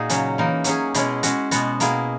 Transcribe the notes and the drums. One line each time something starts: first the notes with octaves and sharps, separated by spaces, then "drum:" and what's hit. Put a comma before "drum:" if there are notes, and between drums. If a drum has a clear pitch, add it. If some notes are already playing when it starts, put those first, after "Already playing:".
Already playing: A#2 A#3 D#4 F#4 G#4
C#3 F#3 C#4, drum: hi-hat
E3 A#3 D#4
F#3 C#4 G#4, drum: hi-hat
B2 G#3 C#4 E4 G#4, drum: hi-hat
G#3 C#4 F#4, drum: hi-hat
B2 G#3 B3 F#4, drum: hi-hat
B2 A#3 E4 G#4, drum: hi-hat